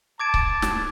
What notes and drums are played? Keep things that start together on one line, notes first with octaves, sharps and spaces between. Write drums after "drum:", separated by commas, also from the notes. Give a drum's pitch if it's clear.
A5 D6 G#6 D7
drum: kick C#1
drum: snare